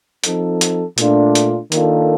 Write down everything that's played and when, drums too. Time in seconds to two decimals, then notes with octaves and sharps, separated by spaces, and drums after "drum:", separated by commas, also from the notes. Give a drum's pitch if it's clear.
0.24 F3 C4 D#4 A4, drum: hi-hat
0.61 drum: hi-hat
0.98 A#2 A3 D4 F4, drum: hi-hat
1.35 drum: hi-hat
1.72 D#3 A#3 D4 F4 A4, drum: hi-hat